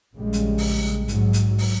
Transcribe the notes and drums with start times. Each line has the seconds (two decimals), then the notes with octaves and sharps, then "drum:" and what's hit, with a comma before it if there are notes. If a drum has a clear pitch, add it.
0.16 A#1 C#3 G3 G#3
0.33 drum: hi-hat
0.58 drum: open hi-hat
1.08 G#2 F#3, drum: hi-hat
1.33 drum: hi-hat
1.58 drum: open hi-hat